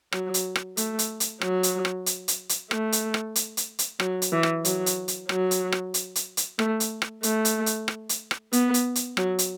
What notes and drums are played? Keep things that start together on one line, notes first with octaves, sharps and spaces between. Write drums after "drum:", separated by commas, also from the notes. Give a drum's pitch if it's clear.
F#3, drum: rim click
drum: hi-hat
drum: rim click
A3, drum: hi-hat
drum: hi-hat
drum: hi-hat
F#3, drum: rim click
drum: hi-hat
drum: rim click
drum: hi-hat
drum: hi-hat
drum: hi-hat
A3, drum: rim click
drum: hi-hat
drum: rim click
drum: hi-hat
drum: hi-hat
drum: hi-hat
F#3, drum: rim click
drum: hi-hat
E3
drum: rim click
F#3, drum: hi-hat
drum: hi-hat
drum: hi-hat
F#3, drum: rim click
drum: hi-hat
drum: rim click
drum: hi-hat
drum: hi-hat
drum: hi-hat
A3, drum: rim click
drum: hi-hat
drum: rim click
A3, drum: hi-hat
drum: hi-hat
drum: hi-hat
drum: rim click
drum: hi-hat
drum: rim click
B3, drum: hi-hat
drum: hi-hat
drum: hi-hat
F#3, drum: rim click
drum: hi-hat